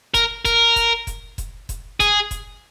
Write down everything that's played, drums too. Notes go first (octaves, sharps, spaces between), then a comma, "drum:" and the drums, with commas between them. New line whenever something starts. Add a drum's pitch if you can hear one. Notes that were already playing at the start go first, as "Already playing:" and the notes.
A#4, drum: kick F1, hi-hat
A#4, drum: kick F1, hi-hat
drum: kick F1, hi-hat
drum: kick F1, hi-hat
drum: kick F1, hi-hat
drum: kick F1, hi-hat
G#4, drum: kick F1, hi-hat
drum: kick F1, hi-hat